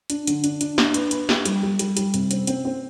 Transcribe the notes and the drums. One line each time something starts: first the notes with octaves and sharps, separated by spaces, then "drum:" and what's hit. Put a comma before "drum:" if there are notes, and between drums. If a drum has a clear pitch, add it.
D4, drum: hi-hat
D3, drum: hi-hat
D4, drum: hi-hat
D4, drum: hi-hat
D4, drum: snare
B4, drum: hi-hat
B4, drum: hi-hat
G4, drum: snare
G3, drum: hi-hat
G3
G3, drum: hi-hat
G3, drum: hi-hat
C3, drum: hi-hat
C4, drum: hi-hat
C4, drum: hi-hat
C4